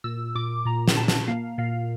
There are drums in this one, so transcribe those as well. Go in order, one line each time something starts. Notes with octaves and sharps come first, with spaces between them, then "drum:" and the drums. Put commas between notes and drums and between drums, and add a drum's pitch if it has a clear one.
A#2 E6
A#2 D6
A#2 A#5
drum: snare
A#2 A5
drum: snare
A#3 F5
A#2 F5